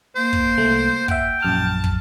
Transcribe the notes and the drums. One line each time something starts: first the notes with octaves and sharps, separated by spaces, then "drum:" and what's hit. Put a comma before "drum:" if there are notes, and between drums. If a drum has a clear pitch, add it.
A#3 C5
drum: kick
C2 A3
E5 F#5 G5, drum: kick
A#1 F#2 A5 F6
drum: kick